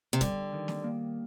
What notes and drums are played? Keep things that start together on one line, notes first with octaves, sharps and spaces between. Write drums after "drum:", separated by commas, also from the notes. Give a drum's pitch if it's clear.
C3
D3 G3, drum: kick, hi-hat
D#3
drum: snare
A#3